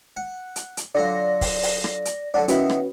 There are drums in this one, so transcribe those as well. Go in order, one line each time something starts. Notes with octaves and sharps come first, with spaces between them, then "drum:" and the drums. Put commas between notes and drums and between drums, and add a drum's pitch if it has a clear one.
F#5
drum: hi-hat
drum: hi-hat
D3 F#3 F4 D5 A#6
drum: kick, open hi-hat
drum: open hi-hat
drum: rim click
drum: hi-hat
D3 F#3 D4 D5 F#5 A5
D#3 B3 C#4 E4 F#4 B4, drum: hi-hat
drum: rim click